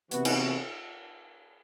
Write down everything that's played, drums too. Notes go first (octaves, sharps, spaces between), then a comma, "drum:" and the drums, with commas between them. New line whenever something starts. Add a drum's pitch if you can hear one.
C3 E3 B3 F#4, drum: hi-hat
drum: cymbal